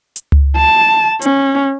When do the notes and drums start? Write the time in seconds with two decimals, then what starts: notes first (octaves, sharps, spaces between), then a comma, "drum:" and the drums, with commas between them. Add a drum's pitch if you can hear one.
0.16 drum: hi-hat
0.32 drum: tom C#2
0.57 A5
1.22 C#4, drum: hi-hat